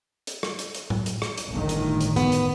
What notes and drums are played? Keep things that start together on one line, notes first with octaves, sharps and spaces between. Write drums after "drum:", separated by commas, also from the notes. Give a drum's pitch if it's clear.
drum: hi-hat
drum: rim click
drum: hi-hat
drum: hi-hat
drum: tom
drum: hi-hat
drum: rim click
drum: hi-hat
G1 A2 D#3
drum: hi-hat
drum: hi-hat
B3, drum: hi-hat
drum: hi-hat